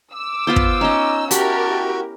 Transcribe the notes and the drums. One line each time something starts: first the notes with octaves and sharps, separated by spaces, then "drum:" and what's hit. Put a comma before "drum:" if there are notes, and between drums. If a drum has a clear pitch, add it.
D6 E6
B3 F4 C5
drum: kick
C#4 D#4 D#5
E4 F#4 G4 A#4 A5 B5, drum: hi-hat